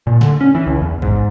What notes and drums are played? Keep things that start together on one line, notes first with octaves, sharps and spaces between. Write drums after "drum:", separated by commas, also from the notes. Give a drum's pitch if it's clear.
A#2
D3, drum: snare
C#4
E3
C#2
E2
G#2, drum: kick A1